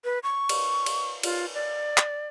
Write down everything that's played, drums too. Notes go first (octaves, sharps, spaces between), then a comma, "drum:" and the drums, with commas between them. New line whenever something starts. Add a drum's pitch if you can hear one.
B4
C#6
drum: cymbal
drum: cymbal
F4, drum: cymbal
D5
drum: clap